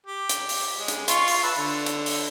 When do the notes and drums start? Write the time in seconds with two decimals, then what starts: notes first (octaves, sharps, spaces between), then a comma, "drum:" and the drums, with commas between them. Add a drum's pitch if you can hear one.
0.07 G4
0.29 drum: hi-hat
0.49 drum: open hi-hat
0.78 G#3
0.88 drum: hi-hat
1.08 F4 C6 C#6, drum: hi-hat
1.28 drum: open hi-hat
1.43 B4 E5 A5
1.58 D3
1.86 drum: hi-hat
2.06 drum: open hi-hat